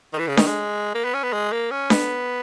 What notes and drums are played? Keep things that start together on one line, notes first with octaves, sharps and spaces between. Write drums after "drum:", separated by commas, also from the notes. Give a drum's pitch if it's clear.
D#3
E3
C#3
D#3, drum: snare D4
G#3
A#3
B3
C#4
B3
G#3
A#3
C#4
B3, drum: snare D4